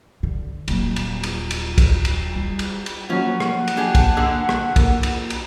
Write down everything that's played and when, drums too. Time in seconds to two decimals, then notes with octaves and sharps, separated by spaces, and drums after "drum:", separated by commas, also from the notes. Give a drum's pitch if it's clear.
0.23 D3
0.68 D#1 F#3, drum: cymbal
0.96 drum: cymbal
1.23 drum: cymbal
1.51 drum: cymbal
1.78 drum: kick, cymbal
2.05 drum: cymbal
2.35 G3
2.59 drum: cymbal
2.86 drum: cymbal
3.10 F3 F#3 A#3 C#4 F#5
3.40 drum: rim click
3.68 drum: cymbal
3.77 D4 G4 G#4
3.95 drum: kick, cymbal
4.17 D3 G#4 E6
4.49 drum: rim click
4.76 A#3, drum: kick, cymbal
5.03 drum: cymbal
5.30 drum: cymbal